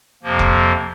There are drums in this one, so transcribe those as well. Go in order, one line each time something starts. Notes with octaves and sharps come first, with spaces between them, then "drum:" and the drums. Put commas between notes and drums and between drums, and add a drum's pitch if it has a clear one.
F2 C3 F3 A#3
drum: kick F1